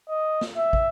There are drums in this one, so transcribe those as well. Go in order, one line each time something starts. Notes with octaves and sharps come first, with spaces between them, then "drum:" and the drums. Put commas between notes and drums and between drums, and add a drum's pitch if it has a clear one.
D#5
drum: snare
E5
drum: kick